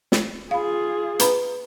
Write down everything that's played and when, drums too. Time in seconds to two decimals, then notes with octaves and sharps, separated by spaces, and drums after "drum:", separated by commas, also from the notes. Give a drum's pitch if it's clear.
0.12 drum: snare
0.51 F4 G#4 F5 B5
1.19 B4 A#5 B5, drum: hi-hat